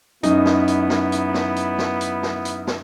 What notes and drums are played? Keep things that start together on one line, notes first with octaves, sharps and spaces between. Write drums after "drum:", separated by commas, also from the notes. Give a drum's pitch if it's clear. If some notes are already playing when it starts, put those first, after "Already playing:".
F#2 B3 D#4 E4, drum: hi-hat
drum: snare
drum: hi-hat
drum: snare
drum: hi-hat
drum: snare
drum: hi-hat
drum: snare
drum: hi-hat
drum: snare
drum: hi-hat
drum: snare